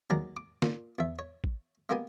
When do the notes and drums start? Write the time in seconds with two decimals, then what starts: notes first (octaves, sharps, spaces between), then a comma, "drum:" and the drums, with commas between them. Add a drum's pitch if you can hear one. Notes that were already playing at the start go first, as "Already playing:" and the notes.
0.10 D#2 D#3 F#3 G#3 D5 A#5
0.37 D6
0.62 A#2, drum: snare
0.99 E2 E5
1.19 C#5
1.44 drum: kick
1.89 G#3 A#3 B3 G4 G#5